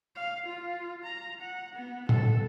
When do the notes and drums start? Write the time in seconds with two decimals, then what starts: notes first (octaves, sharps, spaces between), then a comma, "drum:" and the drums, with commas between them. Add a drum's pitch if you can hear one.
0.16 F5
0.46 F4
1.04 A#5
1.41 F#5
1.75 B3
2.09 A4, drum: tom